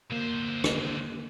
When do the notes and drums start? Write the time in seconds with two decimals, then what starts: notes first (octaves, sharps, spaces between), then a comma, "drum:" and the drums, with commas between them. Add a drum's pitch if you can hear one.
0.12 D3 A#3 C5
0.64 drum: rim click